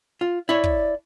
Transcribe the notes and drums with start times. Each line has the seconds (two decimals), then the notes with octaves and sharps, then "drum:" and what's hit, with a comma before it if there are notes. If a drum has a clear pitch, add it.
0.21 F4
0.49 E4 C#5 D5
0.64 drum: kick